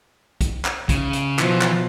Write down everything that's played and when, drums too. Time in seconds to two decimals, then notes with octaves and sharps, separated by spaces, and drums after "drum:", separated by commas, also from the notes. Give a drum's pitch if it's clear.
0.41 drum: kick B1, hi-hat
0.65 drum: clap
0.89 C#3, drum: kick B1, hi-hat
1.13 drum: hi-hat
1.39 B2 E3 F3, drum: clap
1.61 drum: clap